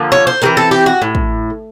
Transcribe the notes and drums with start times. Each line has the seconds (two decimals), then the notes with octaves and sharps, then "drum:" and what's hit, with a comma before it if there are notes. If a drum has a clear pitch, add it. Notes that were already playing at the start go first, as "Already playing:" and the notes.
Already playing: D3 F3 A#3
0.12 C#5
0.27 C5
0.42 E3 G#3 C4 A#4
0.57 A4
0.71 G4, drum: open hi-hat
0.86 F#4
1.02 A2
1.15 drum: kick